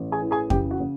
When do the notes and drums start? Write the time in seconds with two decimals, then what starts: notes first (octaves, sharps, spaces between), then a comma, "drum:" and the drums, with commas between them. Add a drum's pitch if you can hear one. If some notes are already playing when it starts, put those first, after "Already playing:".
Already playing: A1
0.12 G#4 G#5
0.22 E3
0.31 G#4 G#5
0.50 C#3 G4 G5, drum: kick F2
0.71 F#4 F#5
0.80 C#3